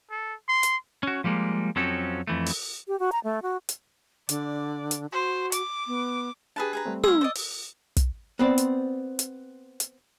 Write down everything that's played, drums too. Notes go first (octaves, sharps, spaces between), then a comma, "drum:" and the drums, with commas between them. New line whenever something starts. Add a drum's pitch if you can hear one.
A4
C6
drum: hi-hat
C#4 F#4
F3 G3 G#3 A#3
F2 F3 F#3 C4 C#4 A4
F2 E3 A3
drum: open hi-hat
G4
F#4
A#5
A3
F#4
drum: hi-hat
D3 D5, drum: hi-hat
drum: hi-hat
F#4 C5
D6, drum: hi-hat
B3
D4 G4 G#4 B4 A5
G#4 B4 A#5
G3 A3 C4
F5 G#5 C6 E6, drum: tom
C5 D5 D#5
drum: open hi-hat
drum: kick, hi-hat
B3 C4 C5 D5
drum: hi-hat
drum: hi-hat
drum: hi-hat